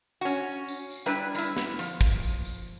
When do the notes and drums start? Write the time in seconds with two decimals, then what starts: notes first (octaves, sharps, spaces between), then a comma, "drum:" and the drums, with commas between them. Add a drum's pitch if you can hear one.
0.21 C#4 F#4
0.68 drum: tambourine
0.90 drum: tambourine
1.06 G3 D4 E4 B4
1.34 G3 E4, drum: tambourine
1.57 drum: snare
1.79 F3, drum: tambourine
2.01 drum: kick, tambourine
2.23 drum: tambourine
2.45 drum: tambourine